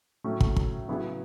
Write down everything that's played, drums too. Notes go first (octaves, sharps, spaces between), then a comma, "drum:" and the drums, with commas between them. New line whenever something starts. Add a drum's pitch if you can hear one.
A2 F#3 A3 C#4
drum: kick
drum: kick
C#3 F#3 B3 E4 G#4